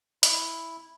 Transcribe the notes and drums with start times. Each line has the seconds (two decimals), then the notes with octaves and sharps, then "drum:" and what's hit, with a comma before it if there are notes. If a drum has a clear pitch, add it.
0.23 E4, drum: hi-hat